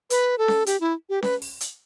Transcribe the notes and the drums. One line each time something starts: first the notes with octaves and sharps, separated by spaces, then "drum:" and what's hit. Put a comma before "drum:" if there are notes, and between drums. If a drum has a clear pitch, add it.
B4, drum: hi-hat
A4
drum: snare C#4
G4, drum: hi-hat
E4
G4
B4, drum: snare C#4
drum: open hi-hat
drum: hi-hat